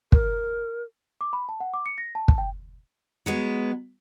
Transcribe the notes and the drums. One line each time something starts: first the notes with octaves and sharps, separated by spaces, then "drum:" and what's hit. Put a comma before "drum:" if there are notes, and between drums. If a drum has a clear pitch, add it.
A#4, drum: kick
D6
B5
A5
F#5
D6
C#7
A#6
A5
drum: kick
G5
F#3 G#3 B3